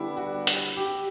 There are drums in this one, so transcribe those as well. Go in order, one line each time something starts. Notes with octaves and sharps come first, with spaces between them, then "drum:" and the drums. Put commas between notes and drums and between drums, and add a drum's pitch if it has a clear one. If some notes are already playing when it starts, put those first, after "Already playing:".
Already playing: D3 G3 B3 D4 E4 G4
F#4
F#4, drum: hi-hat
G4